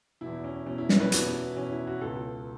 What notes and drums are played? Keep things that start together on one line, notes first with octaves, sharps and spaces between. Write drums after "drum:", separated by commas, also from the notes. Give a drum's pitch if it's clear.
E2 B2 E4
C#4
E2 B2 C#4
E4
C#4, drum: snare
B4
E2 B2 F#4, drum: hi-hat
E4
E2 B2 C#4
E4
F#4
C#2 B2 A4